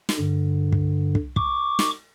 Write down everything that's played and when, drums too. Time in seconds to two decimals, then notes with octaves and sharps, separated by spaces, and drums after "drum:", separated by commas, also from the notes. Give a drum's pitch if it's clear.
0.09 drum: snare
0.19 G2 D3
0.72 drum: kick
1.15 drum: kick
1.36 C#6 D6, drum: kick
1.79 drum: snare